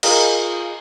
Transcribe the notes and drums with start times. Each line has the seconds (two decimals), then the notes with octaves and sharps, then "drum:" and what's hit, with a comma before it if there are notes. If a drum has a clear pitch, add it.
0.03 F4 G#4 A#4 D#5 F5, drum: cymbal